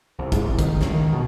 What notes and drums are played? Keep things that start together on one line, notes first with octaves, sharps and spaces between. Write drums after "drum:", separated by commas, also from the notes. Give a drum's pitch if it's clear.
C2
G#2, drum: kick, hi-hat
C2
D#3, drum: kick, hi-hat
C#2, drum: snare
D#3
B2